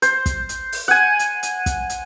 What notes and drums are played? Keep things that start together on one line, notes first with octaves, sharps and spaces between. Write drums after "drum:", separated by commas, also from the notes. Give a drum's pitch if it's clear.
C5, drum: hi-hat
drum: kick, hi-hat
drum: hi-hat
drum: open hi-hat
F#5 G#5
drum: hi-hat
drum: hi-hat
drum: kick, hi-hat
drum: hi-hat